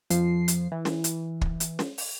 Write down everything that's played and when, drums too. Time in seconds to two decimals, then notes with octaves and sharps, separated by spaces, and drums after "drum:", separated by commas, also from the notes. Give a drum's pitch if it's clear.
0.10 F2 F3 C7, drum: hi-hat
0.48 drum: hi-hat
0.72 E3
0.85 drum: snare
1.04 drum: hi-hat
1.41 drum: kick
1.60 drum: hi-hat
1.79 drum: snare
1.98 drum: open hi-hat